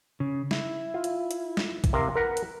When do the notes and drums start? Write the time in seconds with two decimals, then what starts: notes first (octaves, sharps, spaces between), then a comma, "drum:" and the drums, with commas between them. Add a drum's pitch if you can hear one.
0.20 C#3
0.51 E4, drum: snare
0.94 F4
1.04 drum: hi-hat
1.31 drum: hi-hat
1.57 drum: snare
1.84 drum: kick B1, hi-hat
1.93 C3 A#4 F5
2.16 A#4 B4 F#5
2.37 drum: hi-hat